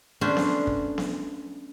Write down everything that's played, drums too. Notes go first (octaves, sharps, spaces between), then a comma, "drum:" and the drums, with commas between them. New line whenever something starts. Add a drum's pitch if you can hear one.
A3 B3 C#4 D4 C5
drum: snare B3
drum: kick
drum: snare B3